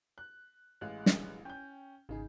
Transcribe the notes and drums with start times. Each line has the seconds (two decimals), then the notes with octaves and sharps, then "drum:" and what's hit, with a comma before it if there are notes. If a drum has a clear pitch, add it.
0.18 F#6
0.81 A1 G#3 F5 F#6
1.06 drum: snare
1.45 C#4 G5 G6
2.09 G#1 C#3 D#4 G#4